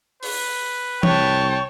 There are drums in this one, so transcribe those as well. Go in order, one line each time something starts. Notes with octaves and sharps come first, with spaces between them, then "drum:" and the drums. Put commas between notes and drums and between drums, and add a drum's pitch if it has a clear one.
B4, drum: open hi-hat
C2 C#5 G5 A5, drum: tom E3